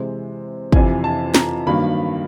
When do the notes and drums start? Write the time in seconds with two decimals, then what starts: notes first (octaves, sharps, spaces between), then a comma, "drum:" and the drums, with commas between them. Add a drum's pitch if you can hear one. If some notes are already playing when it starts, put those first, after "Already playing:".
Already playing: C3 E3 G#3 C4
0.72 F2 C3 E3 G#5, drum: kick
1.04 A5
1.35 A#5, drum: snare
1.67 G2 D#3 F#3 A#3 B5